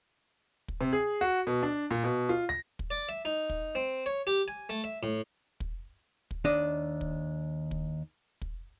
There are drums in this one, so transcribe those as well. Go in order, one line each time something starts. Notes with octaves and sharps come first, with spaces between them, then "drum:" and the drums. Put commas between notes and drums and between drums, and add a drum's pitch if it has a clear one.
drum: kick
C3
G#4
F#4
B2
D4
A#2
B2
F4
A#6
drum: kick
D5
E5
D#4
drum: kick
C4
C#5
G4
G#5
A3
E5
A2
drum: kick
drum: kick
D#2 D4 D#5
drum: kick
drum: kick
drum: kick